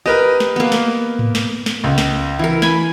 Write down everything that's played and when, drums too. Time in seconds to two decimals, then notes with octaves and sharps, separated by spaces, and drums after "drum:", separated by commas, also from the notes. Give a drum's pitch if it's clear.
0.06 G4 A#4 B4 D#5
0.40 drum: snare
0.56 A#3 B3
0.72 drum: snare
1.19 drum: tom G#2
1.35 drum: snare
1.66 drum: snare
1.84 C#2
1.98 drum: snare
2.39 E3 E4 A#4
2.62 G#5 B5, drum: snare